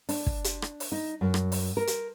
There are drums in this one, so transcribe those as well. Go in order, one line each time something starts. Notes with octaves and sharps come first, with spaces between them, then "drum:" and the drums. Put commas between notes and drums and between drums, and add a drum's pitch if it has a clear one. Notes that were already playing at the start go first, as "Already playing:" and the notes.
D4, drum: open hi-hat
drum: kick
drum: hi-hat
drum: rim click
drum: open hi-hat
D#4
F#2
drum: rim click
drum: open hi-hat
A#4
drum: hi-hat